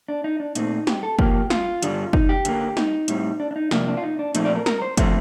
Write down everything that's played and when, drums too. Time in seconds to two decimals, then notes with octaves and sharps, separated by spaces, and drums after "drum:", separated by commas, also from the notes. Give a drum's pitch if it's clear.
0.08 D4
0.24 D#4
0.40 D4
0.55 A#2 A3 C4 D#4, drum: hi-hat
0.87 G4, drum: snare
1.03 A4
1.19 A#2 F3 A#3 G4, drum: kick
1.50 F4, drum: snare
1.83 G2 D3 G3, drum: hi-hat
2.13 D#4, drum: kick
2.29 G4
2.45 D3 G3 A#3, drum: hi-hat
2.77 D#4, drum: snare
3.08 A2 G3 C4, drum: hi-hat
3.40 D4
3.51 D4
3.56 D#4
3.71 F2 C3 F3 A#3 D4, drum: snare
3.88 D4
3.97 F4
4.03 D#4
4.19 D4
4.35 A#2 F3 A3 C4 D#4, drum: hi-hat
4.45 D5
4.55 A#4
4.66 A#4, drum: snare
4.82 C5
4.97 D3 F3 A3 C4 C5, drum: kick, hi-hat